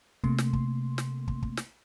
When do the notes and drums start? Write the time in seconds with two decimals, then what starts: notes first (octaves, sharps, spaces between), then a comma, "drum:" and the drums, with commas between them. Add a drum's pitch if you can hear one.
0.24 C3 A3 A#3 C6, drum: kick
0.38 drum: snare
0.53 drum: kick
0.98 drum: snare
1.28 drum: kick
1.42 drum: kick
1.57 drum: snare